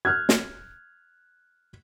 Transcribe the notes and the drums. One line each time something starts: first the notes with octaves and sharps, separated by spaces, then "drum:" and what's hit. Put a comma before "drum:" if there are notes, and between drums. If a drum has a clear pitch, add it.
F6 F#6 G#6
drum: snare